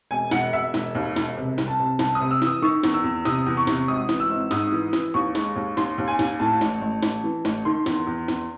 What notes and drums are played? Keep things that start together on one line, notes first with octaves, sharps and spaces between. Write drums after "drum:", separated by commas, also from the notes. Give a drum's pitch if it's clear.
E1 G#5
E1 F#5, drum: snare
E1 E5
E1, drum: snare
D#2
E1, drum: snare
C3
C2, drum: snare
A5
C3
C2 A5, drum: snare
D#6
C3
E6
E3, drum: snare
D#6
D#3 C#6
E2, drum: snare
E6
E2
C3 D#6, drum: snare
E2
C#6
C3, drum: snare
G#1 D#6
E3, drum: snare
E6
G#1
G#2 D#6, drum: snare
E3
E3, drum: snare
D#2 C#6
G#3, drum: snare
D#2
D#2 C6, drum: snare
D#2
G#5
D#2, drum: snare
A2 A5
A1, drum: snare
A1
A1, drum: snare
E3
A1, drum: snare
D#3 C6
E2, drum: snare
E2
E2, drum: snare